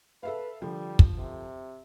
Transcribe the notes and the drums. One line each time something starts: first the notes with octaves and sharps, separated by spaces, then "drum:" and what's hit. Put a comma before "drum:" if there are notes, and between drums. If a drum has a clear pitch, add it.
A4 B4 E5 F5
D3 F3 G3
drum: kick
C3